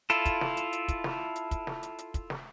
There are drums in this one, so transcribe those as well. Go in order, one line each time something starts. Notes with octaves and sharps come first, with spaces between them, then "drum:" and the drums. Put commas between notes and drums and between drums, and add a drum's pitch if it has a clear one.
E4 F4 A4, drum: hi-hat
drum: kick, hi-hat
drum: snare
drum: hi-hat
drum: hi-hat
drum: kick, hi-hat
drum: snare
drum: hi-hat
drum: kick, hi-hat
drum: snare
drum: hi-hat
drum: hi-hat
drum: kick, hi-hat
drum: snare